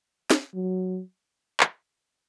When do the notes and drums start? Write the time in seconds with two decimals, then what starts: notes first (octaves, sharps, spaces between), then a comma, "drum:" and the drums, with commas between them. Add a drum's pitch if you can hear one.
0.30 drum: snare
0.55 F#3
1.60 drum: clap